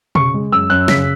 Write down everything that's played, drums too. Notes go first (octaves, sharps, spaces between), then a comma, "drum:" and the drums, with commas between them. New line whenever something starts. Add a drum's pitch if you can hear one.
C#3 C#6, drum: tom B2
G#3
F#2 E6
F#2 F#6
C#3 B6, drum: snare